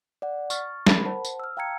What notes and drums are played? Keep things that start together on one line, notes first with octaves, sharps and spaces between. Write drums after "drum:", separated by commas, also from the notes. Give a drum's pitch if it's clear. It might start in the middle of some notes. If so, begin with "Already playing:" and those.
D5 F#5
C#6 F6 A6, drum: tambourine
A#4 B5, drum: snare
C5 F#5 A5
drum: tambourine
E6 F6
F5 G5 A5 A#5 G#6 C#7